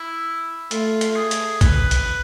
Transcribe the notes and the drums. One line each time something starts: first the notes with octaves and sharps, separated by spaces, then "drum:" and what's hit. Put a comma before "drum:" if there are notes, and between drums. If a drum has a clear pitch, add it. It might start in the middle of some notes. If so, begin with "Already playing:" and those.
Already playing: E4
A3 F4, drum: hi-hat
drum: hi-hat
F4
G#4
drum: hi-hat
B4, drum: kick, hi-hat
drum: hi-hat